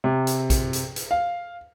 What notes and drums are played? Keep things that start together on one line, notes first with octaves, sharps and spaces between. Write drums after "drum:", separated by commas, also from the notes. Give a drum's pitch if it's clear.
C3
drum: hi-hat
drum: kick A#1, hi-hat
drum: hi-hat
drum: hi-hat
F5